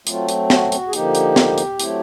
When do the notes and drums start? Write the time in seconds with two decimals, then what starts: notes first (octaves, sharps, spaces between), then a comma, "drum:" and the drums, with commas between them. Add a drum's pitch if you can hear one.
0.07 F#3 A3 C4 F4, drum: hi-hat
0.29 drum: hi-hat
0.50 F#4, drum: snare
0.72 F#4, drum: hi-hat
0.88 G#4
0.93 D3 F3 A#3 D#4 G4, drum: hi-hat
1.15 drum: hi-hat
1.36 drum: snare
1.58 drum: hi-hat
1.80 F#3 A3 C4 E4, drum: hi-hat